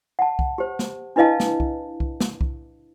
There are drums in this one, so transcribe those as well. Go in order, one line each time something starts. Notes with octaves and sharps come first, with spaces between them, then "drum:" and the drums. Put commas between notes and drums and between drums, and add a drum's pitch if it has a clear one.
F#5 A5
drum: kick C2
G4 C5
drum: snare
D4 E4 B4 D#5 F5 A5
drum: snare
drum: kick C2
drum: kick C2
drum: snare
drum: kick C2